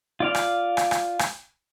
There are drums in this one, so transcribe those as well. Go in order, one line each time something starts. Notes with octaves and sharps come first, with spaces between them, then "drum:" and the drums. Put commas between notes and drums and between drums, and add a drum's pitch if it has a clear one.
F4 D5 F5
drum: rim click
drum: rim click
drum: rim click
drum: rim click